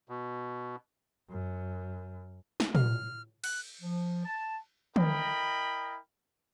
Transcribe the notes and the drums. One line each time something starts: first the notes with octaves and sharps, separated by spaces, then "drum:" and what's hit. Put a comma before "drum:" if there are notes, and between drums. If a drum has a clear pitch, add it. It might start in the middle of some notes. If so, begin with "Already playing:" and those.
B2
F#2
drum: snare
F6, drum: tom
F#6, drum: cymbal
F3
A5
E4 A#4 D#5 G5 B5, drum: tom